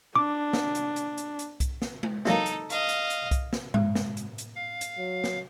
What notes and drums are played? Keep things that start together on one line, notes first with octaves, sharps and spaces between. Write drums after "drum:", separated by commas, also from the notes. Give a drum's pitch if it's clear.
D4 D6
drum: snare
drum: hi-hat
drum: hi-hat
drum: hi-hat
drum: hi-hat
drum: kick C2, hi-hat
drum: snare
drum: tom G#3
E3 F#3 A#3 D#4 A4, drum: snare
drum: hi-hat
D#5 F5, drum: hi-hat
drum: hi-hat
drum: hi-hat
drum: kick C2, hi-hat
drum: snare
G#3, drum: tom G2
drum: snare
drum: hi-hat
drum: hi-hat
F5
drum: hi-hat
F#3
drum: snare